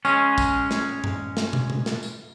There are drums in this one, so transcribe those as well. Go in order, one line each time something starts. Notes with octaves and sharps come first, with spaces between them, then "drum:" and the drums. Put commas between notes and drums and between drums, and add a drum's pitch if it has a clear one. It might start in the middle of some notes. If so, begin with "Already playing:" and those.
G#3 C#4, drum: tambourine
drum: kick, tambourine
drum: snare
drum: tom G2
drum: snare
drum: tom
drum: tom C3
drum: snare
drum: tambourine